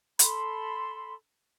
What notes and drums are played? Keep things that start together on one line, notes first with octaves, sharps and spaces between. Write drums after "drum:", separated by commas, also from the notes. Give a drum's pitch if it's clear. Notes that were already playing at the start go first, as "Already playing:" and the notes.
A4 B5 C6, drum: hi-hat